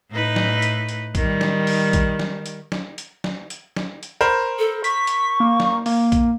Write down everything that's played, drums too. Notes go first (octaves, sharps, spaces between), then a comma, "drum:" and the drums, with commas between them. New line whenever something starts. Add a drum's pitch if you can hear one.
A2 D#4 B4
drum: snare
drum: hi-hat
drum: hi-hat
D#3 G3, drum: kick A#1, hi-hat
drum: snare
drum: open hi-hat
drum: kick A#1, hi-hat
drum: snare
drum: hi-hat
drum: snare
drum: hi-hat
drum: snare
drum: hi-hat
drum: snare
drum: hi-hat
A#4 C5 B5
A4
C#6 B6, drum: hi-hat
drum: hi-hat
A#3
drum: snare
A#3, drum: open hi-hat
drum: kick A#1, hi-hat